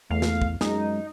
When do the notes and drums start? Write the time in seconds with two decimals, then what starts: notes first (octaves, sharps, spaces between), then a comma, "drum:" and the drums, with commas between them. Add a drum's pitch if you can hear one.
0.10 E2 A3 F5
0.22 drum: snare
0.42 drum: kick
0.61 F#2 G#3 D#4, drum: snare